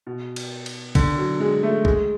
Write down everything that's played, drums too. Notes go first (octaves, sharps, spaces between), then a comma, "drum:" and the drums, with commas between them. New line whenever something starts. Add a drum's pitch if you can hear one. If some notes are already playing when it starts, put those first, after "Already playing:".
B2
drum: cymbal
drum: cymbal
D3, drum: kick B1, cymbal
F#3
G#3
A3
G#3, drum: kick B1